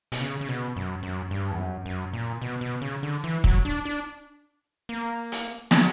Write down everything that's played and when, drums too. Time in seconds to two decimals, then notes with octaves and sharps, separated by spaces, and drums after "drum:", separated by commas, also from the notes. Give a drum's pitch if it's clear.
0.12 B2, drum: hi-hat
0.21 C#3
0.41 C#3
0.48 B2
0.76 F#2
1.03 F#2
1.31 G2
1.51 E2
1.58 F#2
1.86 F#2
2.13 A#2
2.42 B2
2.61 B2
2.82 C#3
3.03 D3
3.24 E3
3.44 F#3, drum: kick
3.65 D4
3.85 D4
4.89 A#3
5.32 drum: hi-hat
5.71 F#3, drum: snare